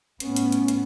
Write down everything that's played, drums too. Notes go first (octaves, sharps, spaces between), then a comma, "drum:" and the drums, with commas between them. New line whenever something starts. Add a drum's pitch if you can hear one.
A2 B3 C#4, drum: hi-hat
drum: hi-hat
drum: hi-hat
drum: hi-hat